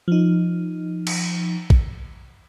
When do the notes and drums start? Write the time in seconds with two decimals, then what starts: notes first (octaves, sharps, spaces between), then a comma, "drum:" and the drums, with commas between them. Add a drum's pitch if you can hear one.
0.08 F3 D#4
1.07 drum: cymbal
1.70 drum: kick